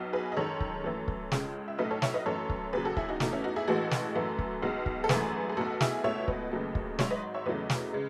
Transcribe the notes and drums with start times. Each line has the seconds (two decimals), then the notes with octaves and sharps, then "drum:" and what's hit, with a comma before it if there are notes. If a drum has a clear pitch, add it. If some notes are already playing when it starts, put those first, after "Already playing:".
Already playing: B1 B2 F#3
0.13 G#4 B4
0.32 D#5
0.37 F#2 D#3 G#3 A4 C#5
0.60 drum: kick
0.84 F#2 E3 A3
1.08 drum: kick
1.32 C#2 C#3 G#3, drum: snare
1.68 E5
1.78 B1 A2 F#3 A3 B4 D#5
1.91 A4 C#5
2.02 C#5 E5, drum: snare
2.14 B4 D#5
2.26 F#2 E3 A3 A4 C#5
2.50 drum: kick
2.73 D#2 C#3 F#3 G#4 B4
2.85 F#4 A4
2.97 E4 G#4, drum: kick
3.09 D#4 F#4
3.20 E2 B2 A3 D#4, drum: snare
3.32 C#4 E4
3.44 D#4 F#4
3.56 E4 G#4
3.67 A1 A2 E3 G#3 F#4 A4
3.91 drum: snare
4.15 F#2 E3 A3
4.39 drum: kick
4.62 B1 B2 G#3
4.86 drum: kick
5.04 A4
5.09 G#1 F#2 E3 A3 G#4 B4, drum: snare
5.49 G#4
5.57 B1 B2 A3 F#4 A4
5.81 E4 G#4, drum: snare
6.04 C#2 B2 A3 C#5 E5
6.28 B4 D#5, drum: kick
6.52 D#2 C#3 F#3 A3
6.75 drum: kick
6.99 G#1 G#2 F#3 C#5 E5, drum: snare
7.11 B4 D#5
7.34 C#5 E5
7.46 E2 C#3 F#3 A3 B4 D#5
7.70 drum: snare
7.93 C#3 G#3